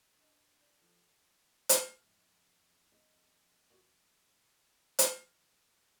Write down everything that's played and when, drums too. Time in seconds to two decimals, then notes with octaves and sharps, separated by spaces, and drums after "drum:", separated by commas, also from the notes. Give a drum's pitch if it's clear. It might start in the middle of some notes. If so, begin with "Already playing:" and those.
0.19 D4 D#5 A5
0.60 D5 G6
0.77 F3 A4
1.69 drum: hi-hat
2.00 F2 G#2 E5
2.92 D#5
3.71 A#2 F#4
4.99 F3, drum: hi-hat